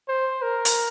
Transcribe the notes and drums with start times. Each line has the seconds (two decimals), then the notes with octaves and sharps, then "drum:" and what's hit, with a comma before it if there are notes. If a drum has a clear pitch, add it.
0.09 C5
0.42 A#4
0.65 drum: hi-hat